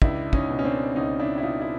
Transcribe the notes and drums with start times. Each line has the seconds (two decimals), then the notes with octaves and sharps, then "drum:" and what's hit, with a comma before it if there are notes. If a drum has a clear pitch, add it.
0.02 C#2 D4 E4, drum: kick
0.33 C#4 D#4, drum: kick
0.49 B2
0.59 C#4
0.64 C4 D4
0.96 C#2 C#4 D#4
1.20 D4 E4
1.38 E4
1.43 B2 D#4 F4
1.61 E4